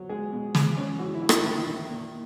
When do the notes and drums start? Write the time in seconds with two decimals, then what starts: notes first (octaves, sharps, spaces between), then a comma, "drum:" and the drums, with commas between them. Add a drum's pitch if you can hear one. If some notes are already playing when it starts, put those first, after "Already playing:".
Already playing: F#3
0.09 G#3 G#4
0.32 B2
0.55 G#3, drum: snare
0.77 C#4
0.99 E3 F#4
1.14 E4
1.22 E3
1.29 D#4, drum: rim click
1.44 D#3 E4
1.67 D#3
1.89 A#2